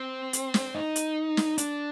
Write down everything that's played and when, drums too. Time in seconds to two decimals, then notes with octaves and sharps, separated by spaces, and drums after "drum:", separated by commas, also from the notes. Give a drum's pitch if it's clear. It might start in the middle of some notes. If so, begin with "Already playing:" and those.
Already playing: C4
0.33 drum: hi-hat
0.54 drum: snare
0.75 D#4
0.96 drum: hi-hat
1.37 drum: snare
1.58 D4, drum: hi-hat